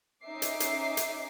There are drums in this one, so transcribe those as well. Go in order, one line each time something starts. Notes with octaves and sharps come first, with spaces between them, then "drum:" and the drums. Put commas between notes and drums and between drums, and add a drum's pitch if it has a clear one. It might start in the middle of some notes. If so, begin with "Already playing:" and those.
C#4 D#4 E5 D6 C7
drum: hi-hat
drum: hi-hat
drum: hi-hat